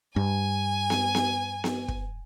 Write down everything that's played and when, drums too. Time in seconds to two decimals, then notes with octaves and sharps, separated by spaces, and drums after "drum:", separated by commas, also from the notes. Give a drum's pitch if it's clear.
0.16 G2 G#5
0.90 drum: snare B3
1.15 drum: snare B3
1.64 drum: snare B3
1.88 drum: kick